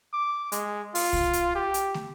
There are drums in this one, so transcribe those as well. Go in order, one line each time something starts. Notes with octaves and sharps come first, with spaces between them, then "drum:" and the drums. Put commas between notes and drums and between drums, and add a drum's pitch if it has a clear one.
D6
G#3, drum: hi-hat
F4, drum: open hi-hat
drum: kick C2
drum: hi-hat
G4
drum: hi-hat
drum: snare